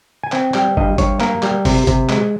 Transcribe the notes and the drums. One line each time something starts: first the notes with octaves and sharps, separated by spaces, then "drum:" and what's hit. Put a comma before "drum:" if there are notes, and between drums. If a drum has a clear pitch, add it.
G#5
C4 G5, drum: clap
G3 G5, drum: clap
G2 D#5, drum: kick
G2 C#5, drum: kick, hi-hat
A#3 A#4, drum: clap
G3, drum: clap
C3, drum: kick, open hi-hat
C3, drum: kick, hi-hat
G#3, drum: clap